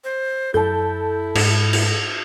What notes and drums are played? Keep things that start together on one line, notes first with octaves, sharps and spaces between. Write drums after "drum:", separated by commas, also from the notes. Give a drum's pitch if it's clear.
C5
F#2 E4 A4 A5 G6
G#2, drum: cymbal
drum: cymbal